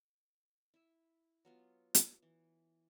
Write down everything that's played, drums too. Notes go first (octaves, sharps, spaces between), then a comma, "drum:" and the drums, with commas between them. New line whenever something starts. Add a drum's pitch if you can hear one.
E4 E5
F#3 B3 F4
drum: hi-hat
E3